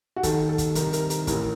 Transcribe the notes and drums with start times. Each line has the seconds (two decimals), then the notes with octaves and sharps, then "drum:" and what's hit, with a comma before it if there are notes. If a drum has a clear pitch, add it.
0.16 F#4
0.23 D#2 D#3 A4, drum: kick, hi-hat
0.49 A4
0.58 drum: kick, hi-hat
0.75 C2 C3 D#3 A#4, drum: hi-hat
0.93 A#4, drum: hi-hat
1.10 A#4, drum: hi-hat
1.27 A1 A2 A#4, drum: kick, hi-hat